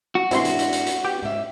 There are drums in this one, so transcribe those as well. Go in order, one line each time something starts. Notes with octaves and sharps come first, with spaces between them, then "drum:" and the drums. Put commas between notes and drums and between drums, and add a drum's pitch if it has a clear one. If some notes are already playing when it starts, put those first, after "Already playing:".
F#4
G#2 C3 E3 D4 E4 C6, drum: hi-hat
drum: hi-hat
drum: hi-hat
drum: hi-hat
drum: hi-hat
B3 G4
G#2 C#4 E5